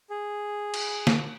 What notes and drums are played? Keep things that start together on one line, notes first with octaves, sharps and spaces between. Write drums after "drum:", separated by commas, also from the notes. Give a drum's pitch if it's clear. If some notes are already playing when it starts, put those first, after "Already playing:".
G#4
drum: cymbal
drum: snare